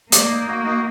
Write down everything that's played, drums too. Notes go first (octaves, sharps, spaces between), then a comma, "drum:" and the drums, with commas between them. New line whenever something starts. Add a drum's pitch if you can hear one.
A#3 D5, drum: hi-hat
D#4
F#4
D#4